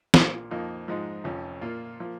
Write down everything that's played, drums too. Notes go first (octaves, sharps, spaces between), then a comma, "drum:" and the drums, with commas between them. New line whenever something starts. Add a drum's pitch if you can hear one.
A#1 A#2 A#3, drum: snare
F2 F3 A#3 D#4
G#2 F3 G#3 D#4
F1 F2 F3 C#4
A#2 A#3 F4
F3 A#3